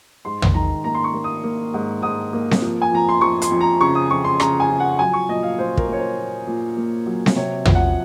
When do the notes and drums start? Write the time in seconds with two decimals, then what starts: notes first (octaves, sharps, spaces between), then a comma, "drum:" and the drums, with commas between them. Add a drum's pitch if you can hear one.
0.25 G#2 C6
0.42 drum: tom
0.54 D#3 A#5
0.84 A#3 A#5
0.95 C6
1.04 C#6
1.13 A#3
1.24 D#6
1.44 A#3
1.74 G#2
2.02 G#2 D#6
2.33 A#3
2.51 drum: snare C4
2.62 F3
2.82 G#5
2.91 F2 A#5
3.09 C6
3.21 F3 C#6
3.42 C6, drum: hi-hat
3.51 F2
3.61 A#5
3.81 C#3 C#6
3.95 D#6
4.10 F2 C#6
4.24 C6
4.40 C#3 A#5, drum: rim click
4.60 G#5
4.69 F3
4.80 F#5
4.99 F#3 G#5
5.13 C#6
5.28 A#2 D#5
5.43 F5
5.59 A#2 C5
5.77 A#4, drum: kick
5.87 A#3
5.93 C#5
5.98 C5
6.17 A#2
6.47 A#2
6.77 A#3
7.06 F#3
7.26 drum: snare C4
7.36 C3 C#5
7.65 F3, drum: tom
7.75 F#5